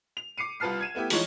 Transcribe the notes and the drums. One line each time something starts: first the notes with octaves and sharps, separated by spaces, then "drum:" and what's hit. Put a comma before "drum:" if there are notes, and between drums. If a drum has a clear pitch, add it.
F7
D6 C7 C#7 D#7
C2 F4 B4 A5 F6 C7
G#6 D#7 E7
A3 B3 E4 G4
E3 F3 G#3 D#4 F4 C#5, drum: open hi-hat